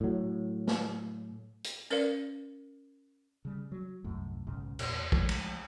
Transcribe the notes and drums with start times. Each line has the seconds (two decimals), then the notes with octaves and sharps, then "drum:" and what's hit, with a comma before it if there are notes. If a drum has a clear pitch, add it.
0.01 A2 F#3
0.67 drum: snare
1.64 drum: hi-hat
1.90 C#4 A#4 B4 D5 F5, drum: tambourine
3.45 C#3 G3
3.72 F#3
4.04 C2 F#2 A2
4.47 B1 G#2 C#3
4.79 E2 A#2, drum: cymbal
5.12 F3 G#3 A3, drum: kick
5.29 drum: cymbal